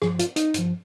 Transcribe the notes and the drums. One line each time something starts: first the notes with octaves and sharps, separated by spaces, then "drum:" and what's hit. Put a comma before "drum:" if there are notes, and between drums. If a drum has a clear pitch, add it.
G2 F3 G#4, drum: rim click
F4, drum: hi-hat
D#4, drum: hi-hat
G2 F3, drum: hi-hat